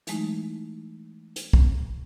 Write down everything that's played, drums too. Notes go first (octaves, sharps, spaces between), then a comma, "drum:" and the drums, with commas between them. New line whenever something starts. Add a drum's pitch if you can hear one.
E3 F#3 G#3 A3 D#4 E4, drum: hi-hat
drum: hi-hat
drum: kick